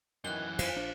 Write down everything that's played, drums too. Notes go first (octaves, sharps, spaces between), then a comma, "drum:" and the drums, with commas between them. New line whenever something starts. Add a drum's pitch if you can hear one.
F#2 D#3 E3 F#6 G7
F2 F3, drum: cymbal
A#1 D4